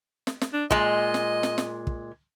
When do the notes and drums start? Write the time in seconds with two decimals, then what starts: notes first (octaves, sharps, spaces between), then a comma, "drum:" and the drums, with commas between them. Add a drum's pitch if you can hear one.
0.27 drum: snare
0.41 drum: snare
0.53 D4
0.71 A#2 G#3 D#5, drum: kick
1.14 drum: snare
1.43 drum: snare
1.58 drum: snare
1.87 drum: kick